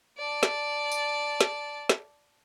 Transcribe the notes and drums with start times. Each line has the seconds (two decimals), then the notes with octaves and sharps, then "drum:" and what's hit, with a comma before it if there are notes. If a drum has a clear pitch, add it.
0.18 D5 A5
0.43 drum: snare
0.92 drum: tambourine
1.41 drum: snare
1.89 drum: snare